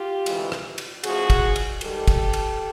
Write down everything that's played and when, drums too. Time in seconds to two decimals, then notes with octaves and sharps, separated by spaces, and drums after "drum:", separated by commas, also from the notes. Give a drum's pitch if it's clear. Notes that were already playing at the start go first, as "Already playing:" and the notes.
Already playing: F4 G4
0.26 D2 C3 E3 G#3, drum: cymbal
0.52 drum: rim click
0.78 drum: cymbal
1.04 C#3 F3 A3 F#4 G#4, drum: cymbal
1.30 drum: kick, cymbal
1.56 drum: cymbal
1.81 G#2 D#3 G3 G4 A4, drum: cymbal
2.07 drum: kick, cymbal
2.33 drum: cymbal